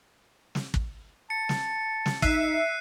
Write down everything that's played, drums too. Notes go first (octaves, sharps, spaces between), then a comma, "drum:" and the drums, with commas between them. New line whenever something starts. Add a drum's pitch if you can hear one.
drum: snare
drum: kick
A5 C#7
drum: snare
drum: snare
D#4 E5 F#6 C7 D#7, drum: kick